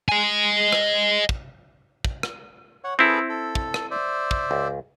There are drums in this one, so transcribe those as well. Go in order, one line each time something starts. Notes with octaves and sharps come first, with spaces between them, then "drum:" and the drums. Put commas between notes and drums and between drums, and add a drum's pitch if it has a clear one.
D#5 G#5
drum: rim click
drum: kick
drum: kick
drum: rim click
C#5 F#5
C4 E4 G#4 A4 B4
A4
drum: kick
drum: rim click
C5 D5 E5
drum: kick
C#2